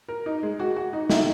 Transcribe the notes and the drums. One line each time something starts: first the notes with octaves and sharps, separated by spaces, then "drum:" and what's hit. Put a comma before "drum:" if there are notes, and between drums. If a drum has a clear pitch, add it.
A#4
D#4
G#3
F#4
F#4
D#4
D#4, drum: snare